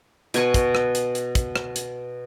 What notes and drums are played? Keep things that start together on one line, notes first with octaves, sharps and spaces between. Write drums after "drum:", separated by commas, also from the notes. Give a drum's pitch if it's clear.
B2 G#5 C#6, drum: hi-hat
drum: kick, hi-hat
drum: rim click
drum: hi-hat
drum: hi-hat
drum: kick, hi-hat
drum: rim click
drum: hi-hat